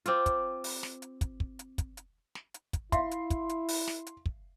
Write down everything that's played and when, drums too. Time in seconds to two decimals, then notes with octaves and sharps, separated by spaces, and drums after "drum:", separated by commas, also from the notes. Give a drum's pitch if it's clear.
0.06 C4 F4 D6 E6, drum: hi-hat
0.26 drum: kick, hi-hat
0.64 drum: open hi-hat
0.83 drum: snare
1.02 drum: hi-hat
1.21 drum: kick, hi-hat
1.40 drum: kick
1.59 drum: hi-hat
1.78 drum: kick, hi-hat
1.97 drum: hi-hat
2.35 drum: snare
2.54 drum: hi-hat
2.73 drum: kick, hi-hat
2.92 E4 E5 F5 C6, drum: kick, hi-hat
3.11 drum: hi-hat
3.30 drum: kick, hi-hat
3.49 drum: hi-hat
3.68 drum: open hi-hat
3.87 drum: snare
4.07 drum: hi-hat
4.26 drum: kick